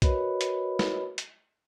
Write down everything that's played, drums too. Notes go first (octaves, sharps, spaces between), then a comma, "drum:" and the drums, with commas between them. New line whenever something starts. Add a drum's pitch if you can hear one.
F#4 A#4 B4 C#5 D#5 B5, drum: kick B1, hi-hat
drum: hi-hat
drum: snare
drum: hi-hat